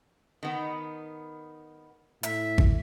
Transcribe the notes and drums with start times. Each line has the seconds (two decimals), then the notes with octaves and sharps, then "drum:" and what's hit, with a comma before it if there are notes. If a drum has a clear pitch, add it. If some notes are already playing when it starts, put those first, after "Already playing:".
0.43 D#3 B3
2.23 A2 E5, drum: hi-hat
2.58 drum: kick G#1